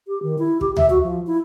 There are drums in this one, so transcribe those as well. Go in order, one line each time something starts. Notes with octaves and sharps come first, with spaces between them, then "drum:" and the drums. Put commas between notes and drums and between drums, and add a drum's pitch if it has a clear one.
G4
D#3
E4
G4, drum: kick
E5, drum: tom D2
F#4
F3
E4